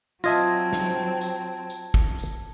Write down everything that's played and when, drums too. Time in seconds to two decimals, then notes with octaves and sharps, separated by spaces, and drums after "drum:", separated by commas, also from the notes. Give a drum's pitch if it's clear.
0.24 F#3 C4 F4 D#5 E5 A5 G#6 A#6, drum: tambourine
0.72 drum: snare
1.21 drum: tambourine
1.70 drum: tambourine
1.94 drum: kick
2.18 drum: tambourine